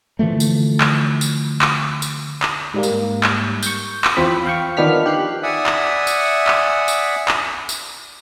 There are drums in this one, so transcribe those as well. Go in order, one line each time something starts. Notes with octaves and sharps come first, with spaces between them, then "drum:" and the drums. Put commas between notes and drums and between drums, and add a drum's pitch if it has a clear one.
D3 E3 F3 A3
drum: tambourine
drum: clap
drum: tambourine
drum: clap
drum: tambourine
drum: clap
G#2 G3 A#3
drum: tambourine
drum: clap
C#6 G6, drum: tambourine
drum: clap
E2 F3 C4 B5
F5 G5 C#6
D#3 F3 B3 D4 F6 B6
G4 F#6 C7
D5 E5 F#5 G#5 D#6
drum: clap
drum: tambourine
drum: clap
drum: tambourine
drum: clap
drum: tambourine